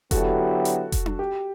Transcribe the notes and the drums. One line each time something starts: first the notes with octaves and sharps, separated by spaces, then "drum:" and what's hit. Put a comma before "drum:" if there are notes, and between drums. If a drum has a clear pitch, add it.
D3 F#3 B3 E4 F#4 G4 A4, drum: kick F1, hi-hat
drum: hi-hat
drum: kick F1, hi-hat
drum: tom D4
G4